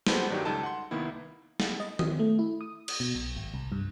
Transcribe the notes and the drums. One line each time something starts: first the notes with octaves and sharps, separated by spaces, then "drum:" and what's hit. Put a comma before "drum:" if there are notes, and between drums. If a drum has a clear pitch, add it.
B3 F#4 G4 A4 B4 C5, drum: snare
G2 D#3 F#3 D4 D#4 G4
C#2 G3 D#4 A4 A5
F#5 C6
C2 D#3 A#3 B3 E4
A6, drum: snare
D#5
D#6, drum: tom D#3
A3
E4
D#6
drum: cymbal
B2
B1
G#1
C2
G2